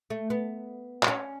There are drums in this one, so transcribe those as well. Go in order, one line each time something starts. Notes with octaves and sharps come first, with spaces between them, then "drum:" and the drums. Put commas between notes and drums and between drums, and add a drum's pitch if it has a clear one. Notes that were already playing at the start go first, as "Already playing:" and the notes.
A3
B3
D4, drum: clap
C#4